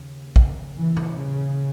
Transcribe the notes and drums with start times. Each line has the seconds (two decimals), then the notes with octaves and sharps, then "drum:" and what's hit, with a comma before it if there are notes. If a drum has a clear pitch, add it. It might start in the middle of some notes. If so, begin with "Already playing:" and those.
Already playing: D#2 C#3
0.36 drum: kick
0.76 E3
0.97 drum: tom A#2
1.07 C#3